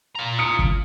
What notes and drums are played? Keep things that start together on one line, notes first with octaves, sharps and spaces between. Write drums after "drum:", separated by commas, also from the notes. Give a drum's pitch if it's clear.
F4 A#5
D#6 C#7 D7
drum: kick